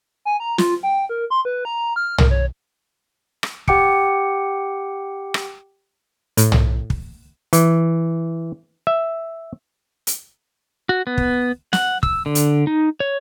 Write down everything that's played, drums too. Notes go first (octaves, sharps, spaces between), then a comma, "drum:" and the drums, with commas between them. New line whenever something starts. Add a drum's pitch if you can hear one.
G#5
A#5
F4, drum: snare
G5
A#4
C6
B4
A#5
F6
A#4, drum: tom
C#5
drum: rim click
G4 F#5 G5 D6 C#7 D7, drum: kick
drum: rim click
A2, drum: hi-hat
drum: tom
drum: kick
E3, drum: hi-hat
E5
drum: hi-hat
F#4
B3
drum: kick
F#5, drum: snare
E6, drum: kick
D3
drum: hi-hat
D#4
C#5